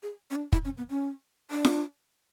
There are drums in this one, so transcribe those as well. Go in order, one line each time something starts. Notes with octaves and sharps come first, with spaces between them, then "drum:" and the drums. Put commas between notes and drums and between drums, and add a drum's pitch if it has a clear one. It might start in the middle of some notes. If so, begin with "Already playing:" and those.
G#4
C#4
D4
E4, drum: kick
C#4
B3
C#4
D4
drum: snare F4